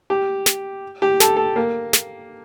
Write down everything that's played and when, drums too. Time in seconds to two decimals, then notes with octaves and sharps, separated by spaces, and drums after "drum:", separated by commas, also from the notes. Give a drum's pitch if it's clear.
0.10 G4
0.46 drum: snare
1.02 G4
1.20 A4, drum: snare
1.37 A4
1.56 A#3
1.93 drum: snare